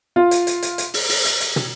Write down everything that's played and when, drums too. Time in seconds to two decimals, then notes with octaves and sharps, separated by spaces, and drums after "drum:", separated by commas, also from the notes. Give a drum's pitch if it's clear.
0.16 F4
0.31 drum: hi-hat
0.47 drum: hi-hat
0.62 drum: hi-hat
0.78 drum: hi-hat
0.94 drum: open hi-hat
1.09 drum: open hi-hat
1.25 drum: hi-hat
1.41 drum: hi-hat
1.56 drum: tom